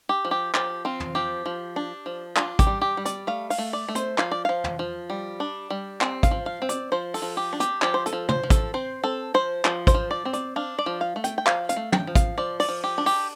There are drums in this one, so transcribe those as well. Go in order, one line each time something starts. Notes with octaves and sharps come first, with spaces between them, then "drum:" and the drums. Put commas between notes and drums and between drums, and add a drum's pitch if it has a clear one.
G4
F3
G4
F3 G4, drum: clap
C4 F4
drum: tom
F3 G4
F3
D4
F3
D4 F4, drum: clap
G4, drum: kick, hi-hat
G3
G4
G3
D5, drum: hi-hat
A3 F5
F5, drum: open hi-hat
A3
D5
A3
C5, drum: hi-hat
F3 F5, drum: clap
D5
F3 F5
drum: tom
F3
G3
D4
G3
C4, drum: clap
F5, drum: kick, hi-hat
F3
F5
C4
D5, drum: hi-hat
F3 C5
A4, drum: open hi-hat
F3
G4
D4
G4, drum: hi-hat
F3 G4, drum: clap
C5
A4, drum: hi-hat
F3
C5, drum: tom
F3
A4, drum: kick, hi-hat
C4 C5
C4 A4
F3 C5
F3, drum: clap
C5, drum: kick, hi-hat
F3
D5
C4
D5, drum: hi-hat
D4 F5
D5
F3
F5
A3
G5, drum: hi-hat
G5
F3 F5, drum: clap
F5, drum: hi-hat
A3
G5, drum: tom
F3
F5, drum: kick, hi-hat
F3 D5
D5, drum: open hi-hat
F3
G4
D4
G4, drum: open hi-hat